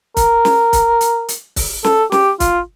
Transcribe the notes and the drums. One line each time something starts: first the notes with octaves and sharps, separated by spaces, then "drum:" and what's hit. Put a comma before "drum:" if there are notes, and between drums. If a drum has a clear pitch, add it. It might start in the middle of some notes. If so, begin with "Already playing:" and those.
A#4, drum: kick, hi-hat
drum: snare
drum: kick, hi-hat
drum: hi-hat
drum: hi-hat
drum: kick, open hi-hat
A4, drum: snare
G4, drum: snare
F4, drum: kick, hi-hat